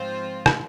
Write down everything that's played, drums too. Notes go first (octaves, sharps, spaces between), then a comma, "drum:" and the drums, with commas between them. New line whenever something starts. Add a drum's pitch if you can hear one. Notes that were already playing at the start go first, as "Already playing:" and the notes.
Already playing: G#2 F3 C4 F4 C5
drum: rim click